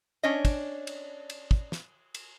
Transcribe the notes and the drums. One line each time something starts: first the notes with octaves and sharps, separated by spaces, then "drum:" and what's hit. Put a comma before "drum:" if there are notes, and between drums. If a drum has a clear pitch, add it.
C#4 D4 C#5 D#5
drum: kick, cymbal
drum: cymbal
drum: cymbal
drum: kick
drum: snare
drum: cymbal